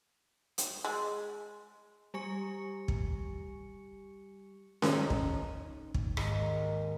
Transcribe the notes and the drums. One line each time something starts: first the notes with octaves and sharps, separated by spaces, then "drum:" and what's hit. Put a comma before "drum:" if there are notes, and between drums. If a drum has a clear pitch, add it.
drum: hi-hat
G#3
G3 G4 G#5 C#6 C#7
drum: kick
C#4 D#4, drum: snare C#4
drum: kick
drum: kick
D#2 G#2 D#3, drum: rim click